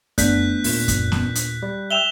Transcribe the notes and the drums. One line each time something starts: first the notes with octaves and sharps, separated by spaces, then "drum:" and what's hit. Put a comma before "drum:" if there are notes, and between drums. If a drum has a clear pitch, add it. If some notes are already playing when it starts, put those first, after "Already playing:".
A3 B3 D4 F#6 G6 B6, drum: kick F#2, hi-hat
D#2 A#2, drum: open hi-hat
drum: kick F#2, hi-hat
drum: snare B3
drum: hi-hat
G3
E5 G5 E6 E7 F7 G7